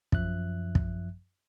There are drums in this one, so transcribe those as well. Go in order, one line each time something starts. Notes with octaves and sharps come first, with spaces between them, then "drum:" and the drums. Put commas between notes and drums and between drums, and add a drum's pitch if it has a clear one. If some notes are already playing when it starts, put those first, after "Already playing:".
F#2 F3 E5 F#6, drum: kick
drum: kick